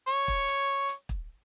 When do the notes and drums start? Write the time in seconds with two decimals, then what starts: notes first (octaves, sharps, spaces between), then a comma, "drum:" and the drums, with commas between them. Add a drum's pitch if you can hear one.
0.08 C#5, drum: hi-hat
0.28 drum: kick
0.48 drum: hi-hat
0.89 drum: hi-hat
1.09 drum: kick